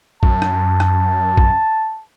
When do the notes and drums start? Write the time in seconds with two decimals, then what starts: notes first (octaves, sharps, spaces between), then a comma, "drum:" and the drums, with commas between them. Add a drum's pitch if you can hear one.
0.23 F#2 A5, drum: kick A#1
0.42 drum: rim click
0.80 drum: rim click
1.37 drum: kick A#1